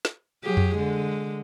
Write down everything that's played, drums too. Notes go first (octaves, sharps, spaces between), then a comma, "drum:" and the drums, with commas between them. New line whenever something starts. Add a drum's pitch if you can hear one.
drum: snare
F#3 G4 G#4
drum: tom F2
D3 G#3